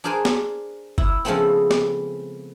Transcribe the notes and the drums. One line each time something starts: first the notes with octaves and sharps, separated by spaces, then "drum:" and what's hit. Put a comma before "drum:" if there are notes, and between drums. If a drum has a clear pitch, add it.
D4 G#4 A#4 C5 D5 G#5
drum: snare
E4, drum: kick F#1
C#3 F3 G#3 A3 B3 C4
drum: snare